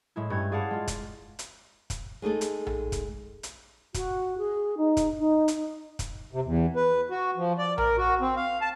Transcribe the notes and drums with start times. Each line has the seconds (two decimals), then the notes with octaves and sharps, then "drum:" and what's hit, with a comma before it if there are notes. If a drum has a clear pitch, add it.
0.16 A2 G#3 E4
0.30 G2 C#4 G#6
0.52 G#4 D5 F5 F#5 A5
0.71 G#3 F4
0.88 drum: kick, hi-hat
1.39 drum: hi-hat
1.90 drum: kick, hi-hat
2.22 G#3 A3 D#4 A4
2.41 drum: hi-hat
2.67 drum: tom A#1
2.92 drum: kick, hi-hat
3.43 drum: hi-hat
3.94 F#4, drum: kick, hi-hat
4.38 G#4
4.77 D#4
4.97 drum: kick, hi-hat
5.19 D#4
5.48 drum: hi-hat
5.99 drum: kick, hi-hat
6.33 C3
6.45 E2
6.76 B4
7.10 F#4
7.37 F3
7.58 D5
7.78 A#4, drum: tom A#1
7.97 F#4
8.21 C4
8.36 F5
8.61 A5